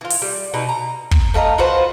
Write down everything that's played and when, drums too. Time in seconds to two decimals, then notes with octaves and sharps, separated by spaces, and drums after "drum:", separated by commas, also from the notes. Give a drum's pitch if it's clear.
0.01 E3 F4
0.10 drum: open hi-hat
0.22 G3
0.54 B2 D#4
0.69 A#5
1.11 drum: kick
1.34 A3 F4 D#5 A#5
1.58 F4 F#4 B4 C5